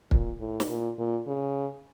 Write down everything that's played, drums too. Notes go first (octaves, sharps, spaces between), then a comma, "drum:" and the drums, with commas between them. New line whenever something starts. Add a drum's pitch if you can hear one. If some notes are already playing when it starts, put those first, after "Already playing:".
A#2, drum: kick
A2
drum: snare
A#2
A#2
C#3